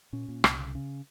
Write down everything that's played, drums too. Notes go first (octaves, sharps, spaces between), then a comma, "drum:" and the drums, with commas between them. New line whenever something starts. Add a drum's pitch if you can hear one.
A#2 C#4
A#2
C2, drum: rim click
C#3
C#3